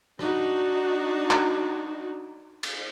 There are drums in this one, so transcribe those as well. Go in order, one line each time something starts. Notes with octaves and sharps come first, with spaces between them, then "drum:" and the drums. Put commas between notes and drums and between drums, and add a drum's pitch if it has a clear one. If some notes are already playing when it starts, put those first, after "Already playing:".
D4 D#4 F#4, drum: rim click
drum: clap
drum: cymbal